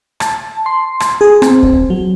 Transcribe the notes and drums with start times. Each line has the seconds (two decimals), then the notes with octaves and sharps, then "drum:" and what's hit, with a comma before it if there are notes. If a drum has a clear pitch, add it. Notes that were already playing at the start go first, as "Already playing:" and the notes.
0.20 A5, drum: rim click
0.66 C6
1.00 drum: rim click
1.21 G#4
1.42 C4, drum: rim click
1.63 drum: kick
1.90 F#3